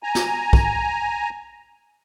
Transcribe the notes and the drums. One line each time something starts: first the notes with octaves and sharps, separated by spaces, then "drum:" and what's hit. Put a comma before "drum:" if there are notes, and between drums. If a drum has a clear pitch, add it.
G#5 A#5
drum: snare
drum: kick